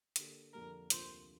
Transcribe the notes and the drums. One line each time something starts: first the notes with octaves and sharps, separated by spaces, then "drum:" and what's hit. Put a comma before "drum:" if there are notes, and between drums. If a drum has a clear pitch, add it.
D3 A#3 G4, drum: hi-hat
F2 D3 G3 A#3 G4 A#4
D2 C3 F3 A#3 F4 C5, drum: hi-hat